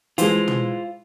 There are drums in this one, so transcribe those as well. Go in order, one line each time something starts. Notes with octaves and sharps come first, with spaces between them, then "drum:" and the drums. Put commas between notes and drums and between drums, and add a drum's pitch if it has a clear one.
E3 G#3 F4 C5, drum: hi-hat
drum: tom